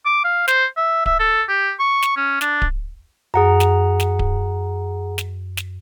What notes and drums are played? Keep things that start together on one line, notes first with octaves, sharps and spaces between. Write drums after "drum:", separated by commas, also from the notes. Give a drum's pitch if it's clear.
D6
F5
C5, drum: snare
E5
E5, drum: kick D1
A4
G4
C#6
drum: snare
C#4
D4, drum: snare
drum: kick D1
F#2 G#4 F#5 A#5
drum: snare
drum: snare
drum: kick D1
drum: snare
drum: snare